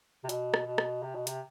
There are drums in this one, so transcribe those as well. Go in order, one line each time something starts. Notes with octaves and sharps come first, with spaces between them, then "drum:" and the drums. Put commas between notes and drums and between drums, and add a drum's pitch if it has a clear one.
C3
B2, drum: hi-hat
drum: rim click
B2
drum: rim click
C3
B2
C3, drum: hi-hat